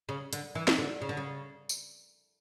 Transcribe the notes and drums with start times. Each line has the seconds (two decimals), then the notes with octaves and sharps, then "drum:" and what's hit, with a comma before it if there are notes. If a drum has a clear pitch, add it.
0.09 C#3
0.33 D3, drum: hi-hat
0.55 E3
0.68 drum: snare
0.78 D3
1.02 C#3
1.09 D3
1.17 C#3
1.69 drum: tambourine